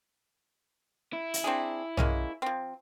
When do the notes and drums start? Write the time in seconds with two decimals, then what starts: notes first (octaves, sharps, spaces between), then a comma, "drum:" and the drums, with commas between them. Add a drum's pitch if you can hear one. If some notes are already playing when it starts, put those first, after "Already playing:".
1.13 E4
1.34 drum: hi-hat
1.44 C4 D4 G#4
1.97 G#3 A#3 C#4, drum: tom
2.42 F3 C4